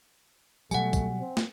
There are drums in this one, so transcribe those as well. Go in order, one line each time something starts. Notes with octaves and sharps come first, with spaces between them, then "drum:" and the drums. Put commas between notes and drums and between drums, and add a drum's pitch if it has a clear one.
B2 F#3 G3 A3 F#5 G#5, drum: tambourine
drum: kick, tambourine
C4
drum: snare